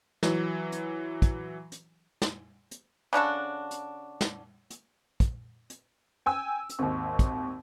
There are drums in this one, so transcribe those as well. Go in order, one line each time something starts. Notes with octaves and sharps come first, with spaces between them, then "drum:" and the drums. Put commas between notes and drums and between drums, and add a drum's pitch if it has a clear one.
E3 F#3, drum: snare
drum: hi-hat
drum: kick, hi-hat
drum: hi-hat
drum: snare
drum: hi-hat
C#3 D4 F#4 A4
drum: hi-hat
drum: snare
drum: hi-hat
drum: kick, hi-hat
drum: hi-hat
G5 G#5 E6
drum: hi-hat
G#1 D#2
drum: kick, hi-hat